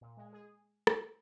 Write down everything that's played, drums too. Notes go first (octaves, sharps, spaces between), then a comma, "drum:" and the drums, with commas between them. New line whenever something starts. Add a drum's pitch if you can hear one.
A#2
G#3
G#4
drum: rim click